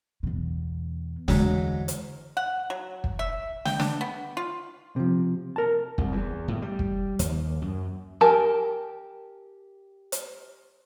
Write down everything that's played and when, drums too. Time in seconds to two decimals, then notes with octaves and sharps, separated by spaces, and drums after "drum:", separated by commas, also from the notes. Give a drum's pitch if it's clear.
0.23 E2 B2
1.28 E2 G#2 D3 F#3, drum: snare
1.88 drum: hi-hat
2.37 F#5
2.70 F#3
3.04 drum: kick
3.19 E5
3.65 G5, drum: snare
3.80 D4, drum: snare
4.01 B3
4.37 F4
4.96 C3 F3
5.56 A#4 A5
5.98 C2, drum: kick
6.12 E2
6.48 A2
6.62 G3
6.79 drum: kick
7.19 D#2, drum: hi-hat
7.62 F#2
8.21 G4 A#4 G#5 A5
10.12 drum: hi-hat